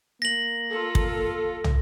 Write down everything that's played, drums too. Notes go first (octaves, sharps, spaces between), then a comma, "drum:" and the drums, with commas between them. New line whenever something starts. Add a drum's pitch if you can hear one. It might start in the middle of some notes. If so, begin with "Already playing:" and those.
A#3 A#6 F#7
F4 A4
drum: kick
drum: tom